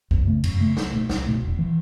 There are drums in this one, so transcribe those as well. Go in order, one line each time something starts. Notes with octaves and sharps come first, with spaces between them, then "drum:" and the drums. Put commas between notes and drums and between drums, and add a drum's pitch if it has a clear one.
F#2, drum: kick
C#3 A3
F#2, drum: cymbal
C#3 A3
C#2, drum: snare
B2 A3
C#2, drum: snare
B2 A3
E1
E3